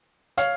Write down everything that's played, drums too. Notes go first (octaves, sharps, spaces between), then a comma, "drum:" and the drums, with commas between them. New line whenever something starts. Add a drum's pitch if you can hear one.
C#5 F5, drum: hi-hat